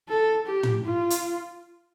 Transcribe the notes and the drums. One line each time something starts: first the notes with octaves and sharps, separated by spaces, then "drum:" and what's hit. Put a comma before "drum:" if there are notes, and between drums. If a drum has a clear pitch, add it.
A4
G4
drum: tom
F4
drum: hi-hat